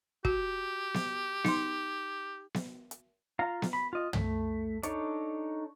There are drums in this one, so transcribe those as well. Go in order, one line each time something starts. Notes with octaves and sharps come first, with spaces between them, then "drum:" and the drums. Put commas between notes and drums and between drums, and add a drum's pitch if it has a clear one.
F#4 G4, drum: kick
drum: snare B3
D#4 C6, drum: snare B3
drum: snare B3
drum: hi-hat
F4 F5 A#5
drum: snare B3
B5
F4 D#5
A3, drum: tom
D4 D#4 A4 C#5, drum: hi-hat